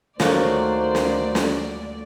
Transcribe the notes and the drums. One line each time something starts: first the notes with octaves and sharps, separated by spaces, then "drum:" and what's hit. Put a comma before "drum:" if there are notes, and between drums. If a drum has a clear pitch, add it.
D2 D#3 F3 F#3 A3 A#3 C5 D5, drum: snare
drum: snare
drum: snare